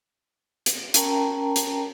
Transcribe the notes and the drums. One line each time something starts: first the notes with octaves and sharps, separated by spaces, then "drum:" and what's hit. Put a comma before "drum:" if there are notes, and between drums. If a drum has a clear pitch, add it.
drum: hi-hat
C#4 A#4 G5 A5 A#5, drum: hi-hat
drum: hi-hat